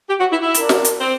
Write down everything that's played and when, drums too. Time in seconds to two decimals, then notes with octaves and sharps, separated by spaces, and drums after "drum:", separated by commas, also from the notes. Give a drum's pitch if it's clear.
0.09 G4
0.20 F#4
0.31 E4
0.42 E4
0.54 D4 F4 A#4, drum: hi-hat
0.69 drum: snare
0.85 drum: hi-hat
1.00 C4